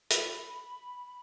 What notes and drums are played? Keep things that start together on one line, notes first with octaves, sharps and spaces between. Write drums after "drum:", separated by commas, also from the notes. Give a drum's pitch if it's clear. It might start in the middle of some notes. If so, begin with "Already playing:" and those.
B5, drum: hi-hat